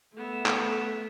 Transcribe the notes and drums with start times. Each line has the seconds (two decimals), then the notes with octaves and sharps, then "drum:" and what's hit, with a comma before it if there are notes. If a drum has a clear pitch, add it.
0.17 A3 B3 E5
0.46 drum: clap